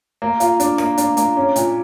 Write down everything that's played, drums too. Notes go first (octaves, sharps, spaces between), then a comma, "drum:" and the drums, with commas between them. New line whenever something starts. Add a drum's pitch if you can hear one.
A#3
F4, drum: hi-hat
D4, drum: hi-hat
A#3, drum: rim click
D4, drum: hi-hat
A#3, drum: hi-hat
C#4
A#2, drum: hi-hat